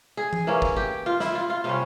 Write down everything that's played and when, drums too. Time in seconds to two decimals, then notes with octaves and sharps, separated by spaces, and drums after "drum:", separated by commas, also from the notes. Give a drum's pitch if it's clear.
0.17 G#4
0.33 drum: tom E3
0.47 E3 A#3 C#4
0.62 drum: kick
0.76 G4
1.06 F4
1.20 E4, drum: snare
1.35 F4
1.50 F4
1.64 C3 G3 C#4 F4